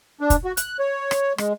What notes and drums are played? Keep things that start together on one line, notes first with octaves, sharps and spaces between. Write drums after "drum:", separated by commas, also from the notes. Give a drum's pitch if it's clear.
D4
drum: kick, hi-hat
F#4
F#6, drum: hi-hat
C#5
drum: rim click
G#3, drum: rim click